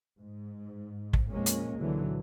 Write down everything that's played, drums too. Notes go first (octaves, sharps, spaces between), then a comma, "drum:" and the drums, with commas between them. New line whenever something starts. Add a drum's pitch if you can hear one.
G#2
drum: kick
F2 A#2 G#3 A#3 C#4
drum: hi-hat
C#2 A#2 D3 E3 F#3